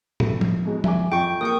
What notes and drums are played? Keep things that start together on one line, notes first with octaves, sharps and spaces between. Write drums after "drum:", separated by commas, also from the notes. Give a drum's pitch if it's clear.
A3, drum: tom
drum: tom F3
G#2 B2 G#3
E5 G#5 D6, drum: tom F3
F2 G5 C#6
A#3 G5 C#6 D#6